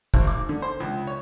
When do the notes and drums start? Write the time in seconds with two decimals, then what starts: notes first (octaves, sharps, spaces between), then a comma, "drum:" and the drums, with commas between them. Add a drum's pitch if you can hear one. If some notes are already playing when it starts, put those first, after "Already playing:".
0.14 G#1, drum: kick
0.27 D6
0.49 D3
0.62 C5
0.80 C#2
1.07 C#5